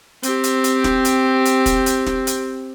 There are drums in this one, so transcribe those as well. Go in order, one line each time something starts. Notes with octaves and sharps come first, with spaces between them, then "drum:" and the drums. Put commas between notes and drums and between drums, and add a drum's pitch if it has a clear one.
C4 G4, drum: hi-hat
drum: hi-hat
drum: hi-hat
drum: snare
drum: hi-hat
drum: hi-hat
drum: kick, hi-hat
drum: hi-hat
drum: snare
drum: hi-hat